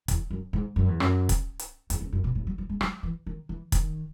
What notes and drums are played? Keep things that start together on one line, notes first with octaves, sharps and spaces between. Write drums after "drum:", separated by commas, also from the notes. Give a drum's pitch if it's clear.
E2, drum: kick, hi-hat
F#2
G#2
F#2
E2
F#2, drum: rim click
drum: kick, hi-hat
drum: hi-hat
E2, drum: hi-hat
E2
F#2
B2
A2
F#3
F#3
G#3
F#3, drum: rim click
E3
D#3
E3
D#3, drum: kick, hi-hat